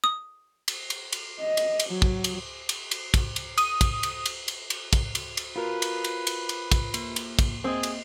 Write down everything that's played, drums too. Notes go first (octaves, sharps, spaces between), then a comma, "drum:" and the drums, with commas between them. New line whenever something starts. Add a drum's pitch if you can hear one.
D#6
drum: cymbal
drum: cymbal
drum: cymbal
D#5
drum: cymbal
drum: cymbal
F#3
drum: kick
drum: cymbal
drum: cymbal
drum: cymbal
drum: kick, cymbal
drum: cymbal
D#6, drum: cymbal
drum: kick, cymbal
drum: cymbal
drum: cymbal
drum: cymbal
drum: cymbal
drum: kick, cymbal
drum: cymbal
drum: cymbal
F4 F#4 A#4 B4
drum: cymbal
drum: cymbal
drum: cymbal
drum: cymbal
drum: kick, cymbal
A#3, drum: cymbal
drum: cymbal
drum: kick, cymbal
A#3 C4 G#4 D#5
drum: cymbal